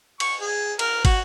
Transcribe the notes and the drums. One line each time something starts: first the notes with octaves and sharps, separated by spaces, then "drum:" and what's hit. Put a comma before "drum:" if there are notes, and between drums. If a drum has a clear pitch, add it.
C#6, drum: cymbal
G#4
A#4, drum: cymbal
F#4, drum: kick, cymbal